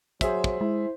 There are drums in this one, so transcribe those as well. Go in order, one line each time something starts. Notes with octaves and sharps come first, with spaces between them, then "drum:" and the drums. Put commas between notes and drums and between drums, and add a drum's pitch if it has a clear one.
F#3 G#4 C5 E5, drum: kick, hi-hat
drum: kick
G#3 E4